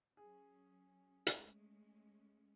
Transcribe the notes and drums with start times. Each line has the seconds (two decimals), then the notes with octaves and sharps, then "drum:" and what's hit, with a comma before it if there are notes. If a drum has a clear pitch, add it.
0.17 F#3 C#4 G#4
1.27 G#3 A3 C#4, drum: hi-hat